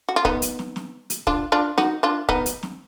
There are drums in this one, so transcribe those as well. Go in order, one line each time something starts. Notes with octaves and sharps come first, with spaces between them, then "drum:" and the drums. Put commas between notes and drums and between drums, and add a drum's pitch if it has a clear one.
F#4
F4
B3 D#4, drum: kick
drum: hi-hat
drum: snare
drum: snare
drum: hi-hat
D4 F4, drum: kick
D4 F4
D#4 F#4, drum: snare
D4 F4
B3 D#4, drum: kick
drum: hi-hat
drum: snare